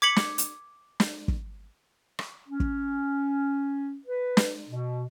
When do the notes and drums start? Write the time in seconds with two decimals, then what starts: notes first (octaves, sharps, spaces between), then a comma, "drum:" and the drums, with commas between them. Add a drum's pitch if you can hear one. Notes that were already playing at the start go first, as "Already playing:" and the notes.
0.02 D6 G#6 B6 C#7 F#7
0.16 drum: snare
0.38 drum: hi-hat
1.00 drum: snare
1.28 drum: kick
2.19 drum: rim click
2.48 C#4
2.60 drum: kick
4.06 B4
4.37 drum: snare
4.68 B2